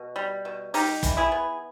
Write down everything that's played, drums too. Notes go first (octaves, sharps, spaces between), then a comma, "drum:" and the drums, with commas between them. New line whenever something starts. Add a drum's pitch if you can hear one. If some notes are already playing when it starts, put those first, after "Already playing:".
Already playing: B2
G3
B2
G3 D#4 G4, drum: open hi-hat
E3, drum: kick, hi-hat
E4 G#4
B3